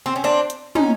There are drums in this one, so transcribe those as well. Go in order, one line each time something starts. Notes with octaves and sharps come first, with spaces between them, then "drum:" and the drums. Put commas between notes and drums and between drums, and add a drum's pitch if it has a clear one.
C4
C#4
C4 D4
drum: hi-hat
C#4 D#4, drum: tom